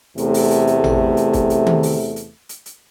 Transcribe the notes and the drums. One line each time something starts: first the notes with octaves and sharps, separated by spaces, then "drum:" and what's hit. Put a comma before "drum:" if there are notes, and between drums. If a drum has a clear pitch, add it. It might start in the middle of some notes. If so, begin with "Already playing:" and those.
E2 C3 A3, drum: hi-hat
drum: open hi-hat
drum: hi-hat
drum: hi-hat
drum: tom A1
drum: hi-hat
drum: kick, hi-hat
drum: hi-hat
drum: tom D#3
drum: open hi-hat
drum: hi-hat
drum: hi-hat
drum: hi-hat